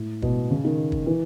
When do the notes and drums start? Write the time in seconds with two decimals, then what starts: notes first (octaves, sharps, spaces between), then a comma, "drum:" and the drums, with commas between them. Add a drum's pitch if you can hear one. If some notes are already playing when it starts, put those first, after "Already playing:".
Already playing: A2
0.22 B2, drum: kick
0.50 C#3
0.64 D#3
0.92 drum: kick
1.06 E3